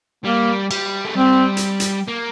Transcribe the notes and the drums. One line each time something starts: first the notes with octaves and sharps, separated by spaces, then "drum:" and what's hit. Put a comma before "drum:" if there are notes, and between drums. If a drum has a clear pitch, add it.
G3 A#3
G3, drum: cymbal
A3
G3 C4
drum: hi-hat
drum: hi-hat
A#3